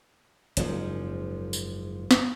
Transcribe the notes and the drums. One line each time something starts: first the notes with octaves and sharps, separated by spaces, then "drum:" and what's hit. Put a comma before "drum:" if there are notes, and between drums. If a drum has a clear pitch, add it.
F#1 G#2 F3, drum: hi-hat
drum: tambourine
drum: snare